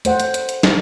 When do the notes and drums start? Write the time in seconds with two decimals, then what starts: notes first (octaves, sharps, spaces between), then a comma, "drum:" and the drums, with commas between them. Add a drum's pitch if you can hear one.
0.05 A3 C5 F#5, drum: hi-hat
0.20 drum: hi-hat
0.34 drum: hi-hat
0.49 drum: hi-hat
0.63 drum: snare